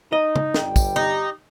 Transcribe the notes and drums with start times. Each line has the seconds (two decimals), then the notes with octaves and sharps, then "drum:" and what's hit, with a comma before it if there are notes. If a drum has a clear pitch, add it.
0.13 D#4 D#5
0.36 drum: tom
0.54 G1 G3 G5, drum: snare
0.76 drum: kick, tambourine
0.96 D#4 G4